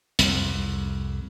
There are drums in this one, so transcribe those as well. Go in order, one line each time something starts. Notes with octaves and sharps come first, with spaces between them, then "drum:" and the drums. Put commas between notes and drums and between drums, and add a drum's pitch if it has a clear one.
C2 F2, drum: hi-hat